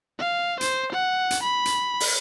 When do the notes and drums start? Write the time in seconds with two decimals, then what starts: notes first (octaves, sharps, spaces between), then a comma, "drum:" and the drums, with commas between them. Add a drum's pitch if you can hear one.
0.19 F5
0.61 C5, drum: hi-hat
0.92 F#5
1.31 drum: hi-hat
1.43 B5
1.65 drum: hi-hat
2.00 drum: open hi-hat